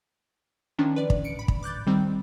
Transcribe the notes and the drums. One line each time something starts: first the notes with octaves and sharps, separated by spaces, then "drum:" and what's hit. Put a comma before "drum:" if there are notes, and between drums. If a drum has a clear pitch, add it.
D#3 F3 C#4 D4
B4 D5
drum: kick
C#7 D7
B5
drum: kick
D6 F#6 G6 A6
D#3 G3 C4